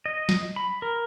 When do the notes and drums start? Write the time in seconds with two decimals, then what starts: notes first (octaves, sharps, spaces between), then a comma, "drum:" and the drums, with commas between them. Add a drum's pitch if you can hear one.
0.06 D#5
0.29 drum: snare
0.56 B5
0.82 A#4